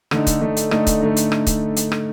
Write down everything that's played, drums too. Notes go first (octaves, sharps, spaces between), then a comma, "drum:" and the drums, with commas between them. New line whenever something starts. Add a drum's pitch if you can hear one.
D3 A3 D#4, drum: rim click
drum: kick C#1, hi-hat
D3 A3 D#4
drum: hi-hat
D3 A3 D#4, drum: rim click
drum: kick C#1, hi-hat
D3 A3 D#4
drum: hi-hat
drum: rim click
drum: kick C#1, hi-hat
drum: hi-hat
drum: rim click